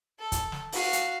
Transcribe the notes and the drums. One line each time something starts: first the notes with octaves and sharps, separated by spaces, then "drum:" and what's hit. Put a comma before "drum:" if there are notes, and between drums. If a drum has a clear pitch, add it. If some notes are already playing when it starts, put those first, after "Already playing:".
A4
drum: kick, hi-hat
drum: snare
F#4 F5, drum: open hi-hat
drum: hi-hat